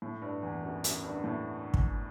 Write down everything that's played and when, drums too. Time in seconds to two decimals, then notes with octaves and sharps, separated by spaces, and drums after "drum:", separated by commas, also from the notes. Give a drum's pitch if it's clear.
0.02 A2
0.22 G2
0.43 E2
0.63 F#2
0.84 F#2, drum: hi-hat
1.04 G2
1.24 A2
1.74 drum: kick